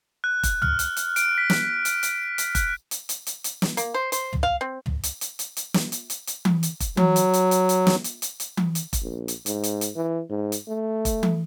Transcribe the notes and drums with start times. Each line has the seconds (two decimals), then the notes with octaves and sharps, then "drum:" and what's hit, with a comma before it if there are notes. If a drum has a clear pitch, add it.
0.24 F#6
0.43 drum: kick F1, hi-hat
0.62 F6, drum: tom
0.79 drum: hi-hat
0.97 drum: hi-hat
1.16 D7, drum: hi-hat
1.38 B6
1.50 drum: snare
1.85 drum: hi-hat
2.03 drum: hi-hat
2.38 drum: hi-hat
2.55 F#6, drum: kick F1, hi-hat
2.91 drum: hi-hat
3.09 drum: hi-hat
3.27 drum: hi-hat
3.44 drum: hi-hat
3.62 drum: snare
3.77 A#3, drum: hi-hat
3.94 C5
4.12 C5, drum: hi-hat
4.33 drum: tom
4.43 F5
4.61 C4
4.86 drum: tom
5.03 drum: hi-hat
5.21 drum: hi-hat
5.39 drum: hi-hat
5.57 drum: hi-hat
5.74 drum: snare
5.92 drum: hi-hat
6.10 drum: hi-hat
6.27 drum: hi-hat
6.45 drum: tom E3
6.63 drum: hi-hat
6.80 drum: kick F1, hi-hat
6.97 F#3, drum: tom E3
7.16 drum: hi-hat
7.33 drum: hi-hat
7.51 drum: hi-hat
7.69 drum: hi-hat
7.87 drum: snare
8.04 drum: hi-hat
8.22 drum: hi-hat
8.40 drum: hi-hat
8.57 drum: tom E3
8.75 drum: hi-hat
8.93 drum: kick F1, hi-hat
9.03 A#1
9.28 drum: hi-hat
9.46 G#2, drum: hi-hat
9.64 drum: hi-hat
9.81 drum: hi-hat
9.96 E3
10.30 G#2
10.52 drum: hi-hat
10.68 A3
11.05 drum: kick F1, hi-hat
11.23 drum: tom E3